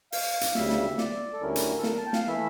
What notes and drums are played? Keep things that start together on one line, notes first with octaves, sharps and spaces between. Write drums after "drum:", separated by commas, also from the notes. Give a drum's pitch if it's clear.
F5, drum: open hi-hat
drum: hi-hat
D2 C#3 G3 E5, drum: snare
drum: snare
D5, drum: snare
A4
D2 D3 G3 C#4 E4 A#4
drum: hi-hat
A4
A#4, drum: snare
A5
G5
F5, drum: snare
E3 A3 E4 E5